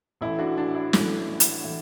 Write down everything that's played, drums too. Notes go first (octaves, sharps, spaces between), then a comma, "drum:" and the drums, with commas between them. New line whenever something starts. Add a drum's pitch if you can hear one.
A1 A2 E3 E4
D4 F#4
D4
E4
A1 A2 E3, drum: snare
drum: hi-hat
A2 E3